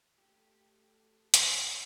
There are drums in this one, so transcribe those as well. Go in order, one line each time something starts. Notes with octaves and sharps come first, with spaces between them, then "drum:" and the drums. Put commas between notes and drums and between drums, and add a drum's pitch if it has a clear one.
A3 G4 A4
drum: hi-hat